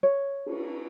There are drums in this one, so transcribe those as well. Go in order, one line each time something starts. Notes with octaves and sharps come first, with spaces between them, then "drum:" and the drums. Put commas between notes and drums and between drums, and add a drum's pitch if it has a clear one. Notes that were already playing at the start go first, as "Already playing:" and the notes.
C#5
drum: cymbal